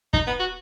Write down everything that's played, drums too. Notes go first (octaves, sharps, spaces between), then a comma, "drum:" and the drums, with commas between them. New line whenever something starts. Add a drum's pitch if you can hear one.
D#4, drum: kick
B3
F#4